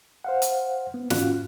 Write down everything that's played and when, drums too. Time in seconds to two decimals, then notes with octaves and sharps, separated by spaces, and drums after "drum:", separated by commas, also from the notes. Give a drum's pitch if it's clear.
0.24 C5 F5 F#5
0.42 drum: hi-hat
0.94 B3
1.10 G#2 C#4 F4 F#4 F5 F#6, drum: snare